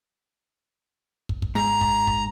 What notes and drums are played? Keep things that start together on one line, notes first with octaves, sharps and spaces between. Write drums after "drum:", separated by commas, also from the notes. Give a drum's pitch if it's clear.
drum: kick
drum: kick
G#2 A#5
drum: kick
drum: kick